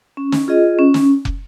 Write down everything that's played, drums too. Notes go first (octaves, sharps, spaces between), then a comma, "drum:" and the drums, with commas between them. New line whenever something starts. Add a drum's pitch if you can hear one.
C#4
drum: snare
F4 G#4 D#5
C#4
drum: snare
drum: kick